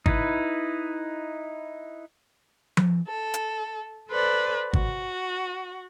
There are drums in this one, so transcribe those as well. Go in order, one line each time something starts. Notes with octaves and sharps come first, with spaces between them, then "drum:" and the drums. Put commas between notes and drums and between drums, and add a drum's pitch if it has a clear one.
D#4 E4 B4, drum: kick
drum: tom F3
A4
drum: hi-hat
A4 B4 C5 D5
F#4, drum: kick